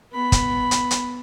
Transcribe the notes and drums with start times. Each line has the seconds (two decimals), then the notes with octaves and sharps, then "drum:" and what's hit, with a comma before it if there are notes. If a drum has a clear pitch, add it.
0.13 B3 B5
0.32 drum: kick, hi-hat
0.71 drum: hi-hat
0.91 drum: hi-hat